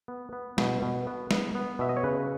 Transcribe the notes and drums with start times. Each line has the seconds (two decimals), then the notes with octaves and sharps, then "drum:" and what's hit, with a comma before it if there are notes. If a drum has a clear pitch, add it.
0.08 B3
0.33 B3
0.58 B2, drum: snare
0.82 B2
1.07 B3
1.31 B3, drum: snare
1.55 B3
1.79 B2 E5
1.89 D#5
1.97 C#5
2.04 C#3 B4